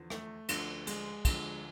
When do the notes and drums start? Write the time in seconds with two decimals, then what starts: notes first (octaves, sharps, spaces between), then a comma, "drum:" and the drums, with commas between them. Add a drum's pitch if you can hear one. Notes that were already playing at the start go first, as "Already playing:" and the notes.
Already playing: E2 D3 F3
0.10 A3, drum: rim click
0.49 D2 D3 F3, drum: cymbal
0.87 G#3, drum: cymbal
1.25 D2 D3 F3, drum: kick, cymbal